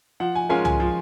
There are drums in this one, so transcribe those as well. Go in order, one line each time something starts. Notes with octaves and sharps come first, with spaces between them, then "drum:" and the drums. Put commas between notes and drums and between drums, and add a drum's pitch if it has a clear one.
F3 F#5
G#5
G#3 C#4 F4 A#4 G#5
G#5, drum: tom
F3